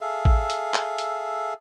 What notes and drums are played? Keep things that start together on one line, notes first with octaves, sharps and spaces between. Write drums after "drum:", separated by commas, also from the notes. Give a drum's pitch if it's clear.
G#4 A4 E5 F5
drum: kick
drum: hi-hat
drum: clap
drum: hi-hat